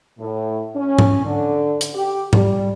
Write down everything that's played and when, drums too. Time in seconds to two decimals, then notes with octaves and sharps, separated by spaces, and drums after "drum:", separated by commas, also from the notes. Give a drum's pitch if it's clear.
0.19 A2
0.75 C#4
0.99 drum: tom G#2
1.25 D3
1.81 drum: hi-hat
1.94 G4
2.33 G3, drum: tom G#2